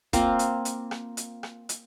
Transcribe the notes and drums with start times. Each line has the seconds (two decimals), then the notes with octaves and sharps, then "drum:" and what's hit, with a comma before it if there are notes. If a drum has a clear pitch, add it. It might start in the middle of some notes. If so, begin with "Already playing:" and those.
0.13 A#3 C4 F4, drum: kick, hi-hat
0.39 drum: hi-hat
0.65 drum: hi-hat
0.91 drum: rim click
1.17 drum: hi-hat
1.43 drum: rim click
1.69 drum: hi-hat